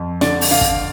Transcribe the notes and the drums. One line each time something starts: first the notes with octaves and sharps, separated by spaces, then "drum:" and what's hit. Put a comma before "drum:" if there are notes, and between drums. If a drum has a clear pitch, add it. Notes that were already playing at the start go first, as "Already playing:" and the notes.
Already playing: F2
D3 D5, drum: snare
drum: open hi-hat
D3 F5
drum: kick